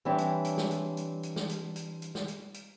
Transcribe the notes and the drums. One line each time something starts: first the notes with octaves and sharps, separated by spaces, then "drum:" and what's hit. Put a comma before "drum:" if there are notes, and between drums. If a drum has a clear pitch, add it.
E3 G3 C4 D4 C#5 E5
drum: hi-hat
drum: hi-hat
drum: snare
drum: hi-hat
drum: hi-hat
drum: hi-hat
drum: snare
drum: hi-hat
drum: hi-hat
drum: hi-hat
drum: snare
drum: hi-hat
drum: hi-hat